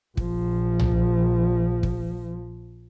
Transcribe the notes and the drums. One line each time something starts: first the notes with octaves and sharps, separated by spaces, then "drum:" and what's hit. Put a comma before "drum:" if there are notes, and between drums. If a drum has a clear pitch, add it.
A#1 F3, drum: kick
drum: tom
drum: kick